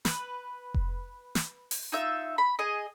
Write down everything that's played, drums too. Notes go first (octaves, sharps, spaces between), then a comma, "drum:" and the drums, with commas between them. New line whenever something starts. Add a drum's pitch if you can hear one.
B4, drum: snare
drum: kick F1
drum: snare
drum: open hi-hat
D#4 F4 E5
B5
G#4 D#5